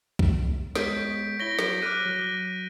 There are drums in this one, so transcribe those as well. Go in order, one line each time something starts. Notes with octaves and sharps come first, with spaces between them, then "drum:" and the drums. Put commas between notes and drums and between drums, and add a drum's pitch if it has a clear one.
drum: kick B1
G#3 B3 C#5 G6 B6 D7, drum: snare
E4 C#5 A#6 D7 G7
F#3, drum: snare
D6 F6 F#6 A#6 D#7
F#3